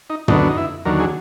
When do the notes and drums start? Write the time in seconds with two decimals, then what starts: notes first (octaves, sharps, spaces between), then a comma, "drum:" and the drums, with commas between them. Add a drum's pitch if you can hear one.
0.10 D#4
0.28 D2 D3 F#3 B3 D#4, drum: tom
0.49 D#4
0.57 E4
0.85 D#2 D3 F#3 A#4
1.00 G#4